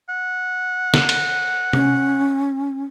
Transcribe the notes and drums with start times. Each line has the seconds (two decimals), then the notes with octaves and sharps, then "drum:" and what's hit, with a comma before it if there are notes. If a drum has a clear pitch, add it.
0.09 F#5
0.94 drum: snare
1.09 drum: cymbal
1.73 C#4, drum: tom C3